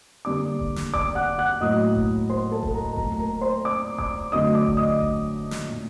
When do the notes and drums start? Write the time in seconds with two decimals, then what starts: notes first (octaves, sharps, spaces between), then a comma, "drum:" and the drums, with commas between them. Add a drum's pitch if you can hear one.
0.25 D3 G3 A#3 D5 D6
0.59 drum: kick E1
0.76 drum: snare
0.94 D5 D6, drum: kick E1
1.15 F#5 F#6
1.39 F#5 F#6
1.61 A2 F#3 A#3 D#5 D#6
1.95 drum: kick E1
2.30 C5 C6
2.51 A4 A5
2.63 drum: kick E1
2.74 A#4 A#5
2.96 A#2 F#3 A3 A#4 A#5, drum: kick E1
3.19 A#4 A#5
3.41 C5 C6
3.65 D5 D6
3.98 D5 D6, drum: kick E1
4.32 D3 F#3 A3 D#5 D#6
4.55 D5 D6
4.66 drum: kick E1
4.77 D#5 D#6
5.00 drum: kick E1
5.51 drum: snare
5.68 A#2 A3